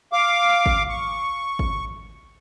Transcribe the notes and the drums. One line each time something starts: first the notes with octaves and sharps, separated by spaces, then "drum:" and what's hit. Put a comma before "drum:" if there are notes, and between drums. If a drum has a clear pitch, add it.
F5 D6
drum: kick G#1
C#6
drum: kick G#1